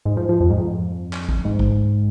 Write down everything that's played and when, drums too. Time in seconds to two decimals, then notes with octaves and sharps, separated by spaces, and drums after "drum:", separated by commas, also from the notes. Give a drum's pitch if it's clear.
0.05 G#2
0.17 F3
0.29 F3
0.40 F2
0.50 G#2
0.59 F2
1.13 drum: clap
1.29 drum: kick
1.45 G#2
1.59 drum: kick